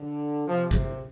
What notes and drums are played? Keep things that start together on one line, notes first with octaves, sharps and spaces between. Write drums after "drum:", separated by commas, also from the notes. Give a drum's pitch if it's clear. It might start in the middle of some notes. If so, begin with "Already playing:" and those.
Already playing: D3
C3 F3
drum: kick G#1